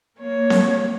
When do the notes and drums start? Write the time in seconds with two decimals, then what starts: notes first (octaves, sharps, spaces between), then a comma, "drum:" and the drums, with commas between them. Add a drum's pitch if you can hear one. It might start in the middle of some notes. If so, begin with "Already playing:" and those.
0.20 A#3 C#5
0.50 drum: snare C4